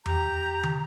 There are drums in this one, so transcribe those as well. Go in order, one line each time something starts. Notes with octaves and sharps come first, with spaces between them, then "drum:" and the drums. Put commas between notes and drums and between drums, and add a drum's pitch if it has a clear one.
G4 A#5 G6, drum: tom E2
drum: tom